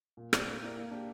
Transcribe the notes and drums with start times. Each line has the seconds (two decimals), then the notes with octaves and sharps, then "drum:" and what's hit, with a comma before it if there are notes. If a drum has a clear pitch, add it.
0.17 A#2
0.33 A3 C4 G4 D5, drum: rim click
0.48 A#3
0.62 E4 G4 A#4 D5
0.76 A#3
0.91 D4 G4